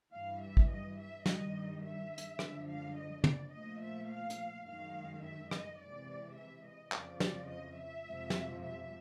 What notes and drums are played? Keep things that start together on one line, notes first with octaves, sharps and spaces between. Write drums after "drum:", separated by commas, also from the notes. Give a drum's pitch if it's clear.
G2 E3 G3 F5
E5
drum: kick
D#5
E5
G2 D#3 G3 D#5, drum: snare
E5
drum: hi-hat
F#2 D3 F3 G#3, drum: rim click
F5
D#5
D5, drum: tom
A#2 F3 A3 D#5
E5
F5
drum: hi-hat
F#2 D#3 G#3 F5
E5
D#5, drum: rim click
C3 E3 G#3 D5
E5
D#5
F2 C#3 F3 D5, drum: clap
D5, drum: snare
D#5
E5
F2 C3 F3 G#3
drum: snare
E5